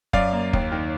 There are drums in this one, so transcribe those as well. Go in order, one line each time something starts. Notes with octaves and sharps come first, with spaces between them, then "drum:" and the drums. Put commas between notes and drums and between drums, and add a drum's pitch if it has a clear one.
F#2 D5 F5, drum: kick
A#3
D#2, drum: kick
D#3